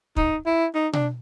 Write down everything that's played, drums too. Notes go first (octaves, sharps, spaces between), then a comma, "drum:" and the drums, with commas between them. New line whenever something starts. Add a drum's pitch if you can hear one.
D#4, drum: kick
E4
D#4
D4, drum: tom B2